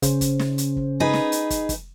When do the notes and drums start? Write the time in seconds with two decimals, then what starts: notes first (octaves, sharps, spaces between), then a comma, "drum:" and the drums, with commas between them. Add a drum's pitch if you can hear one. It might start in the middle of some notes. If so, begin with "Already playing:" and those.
0.02 C#3 C#4 C5, drum: kick, hi-hat
0.21 drum: kick, hi-hat
0.39 drum: snare
0.58 drum: hi-hat
0.76 drum: kick
1.00 D#4 G#4 B4
1.13 drum: snare
1.32 drum: hi-hat
1.50 drum: kick, hi-hat
1.69 drum: kick, hi-hat